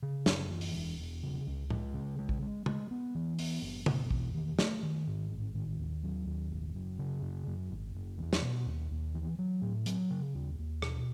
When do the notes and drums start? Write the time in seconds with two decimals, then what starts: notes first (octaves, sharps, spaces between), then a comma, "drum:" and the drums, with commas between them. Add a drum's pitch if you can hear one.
0.02 C#3
0.26 F#2, drum: snare
0.51 E3
0.61 drum: open hi-hat
0.75 E1
0.99 E1
1.23 C#3
1.47 C#2
1.70 G#3, drum: tom A2
1.94 C#3
2.19 G#3
2.29 drum: kick
2.42 G#3
2.66 G#3, drum: tom
2.91 B3
3.15 E3
3.39 B3, drum: open hi-hat
3.62 F#1
3.86 B2, drum: tom
4.11 E2, drum: kick
4.34 D#3
4.59 A3, drum: snare
4.83 D#3
5.07 G#2
5.31 A1
5.55 D#3
5.78 D#2
6.03 F#3
6.26 D#2
6.50 F#1
6.75 F#2
6.99 C#3
7.22 F#2
7.47 F#2
7.70 G#1
7.95 F#1
8.18 E2
8.33 drum: snare
8.42 B2
8.66 D#2
8.91 D#2
9.15 E3
9.39 F#3
9.62 A2
9.86 F#3, drum: hi-hat
10.10 C#3
10.34 D#2
10.59 D#2
10.82 B2, drum: rim click